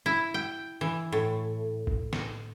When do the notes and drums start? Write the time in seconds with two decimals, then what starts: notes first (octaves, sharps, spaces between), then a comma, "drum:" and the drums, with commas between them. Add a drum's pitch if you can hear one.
0.06 E4
0.34 G5
0.81 E3
1.12 A2
1.87 drum: kick
2.13 drum: snare